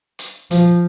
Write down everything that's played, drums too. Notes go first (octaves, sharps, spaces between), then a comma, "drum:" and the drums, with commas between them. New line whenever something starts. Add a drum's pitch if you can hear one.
drum: hi-hat
F3, drum: hi-hat